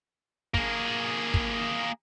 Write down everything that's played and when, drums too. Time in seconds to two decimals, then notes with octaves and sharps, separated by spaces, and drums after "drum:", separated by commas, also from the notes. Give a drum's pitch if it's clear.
0.54 A#3 G#4, drum: kick
1.34 drum: kick